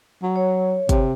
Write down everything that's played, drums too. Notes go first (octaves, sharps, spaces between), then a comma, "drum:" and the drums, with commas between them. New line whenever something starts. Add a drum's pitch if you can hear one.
F#3
C#5
C3, drum: kick, hi-hat